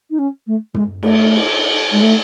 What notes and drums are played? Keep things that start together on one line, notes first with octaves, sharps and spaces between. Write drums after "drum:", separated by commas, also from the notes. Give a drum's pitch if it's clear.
D#4
C#4
A3
G#3, drum: tom
A3, drum: cymbal
drum: cymbal
G#3
A3